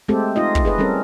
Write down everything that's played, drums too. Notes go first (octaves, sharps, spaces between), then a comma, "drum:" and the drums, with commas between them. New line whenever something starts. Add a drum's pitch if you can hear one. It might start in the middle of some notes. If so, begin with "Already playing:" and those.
G#3 A3 C4 G4 A4
D#4 F4 D#5
drum: kick
G#4 B4 D#5
G3 C4 C#4 A4 A#4